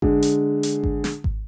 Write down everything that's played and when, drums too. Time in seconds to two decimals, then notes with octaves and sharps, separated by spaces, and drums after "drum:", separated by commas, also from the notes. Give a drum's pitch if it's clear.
0.02 D3 G#3, drum: kick G#1
0.23 drum: hi-hat
0.63 drum: hi-hat
0.84 drum: kick G#1
1.04 drum: snare
1.24 drum: kick G#1